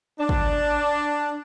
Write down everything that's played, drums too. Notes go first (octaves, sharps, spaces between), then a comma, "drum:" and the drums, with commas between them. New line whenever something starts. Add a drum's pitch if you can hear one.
D4
drum: kick